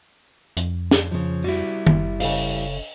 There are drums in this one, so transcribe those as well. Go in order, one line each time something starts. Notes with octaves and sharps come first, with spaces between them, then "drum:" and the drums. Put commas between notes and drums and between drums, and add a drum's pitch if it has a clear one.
F2, drum: hi-hat
drum: snare
C#3 F3
G3 E4 F#4
F#1, drum: tom D#3
C#3 A4 F5, drum: open hi-hat